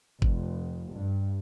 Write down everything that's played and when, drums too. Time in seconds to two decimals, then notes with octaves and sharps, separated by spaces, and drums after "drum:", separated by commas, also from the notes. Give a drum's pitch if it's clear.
0.22 F1, drum: kick G1
0.93 G2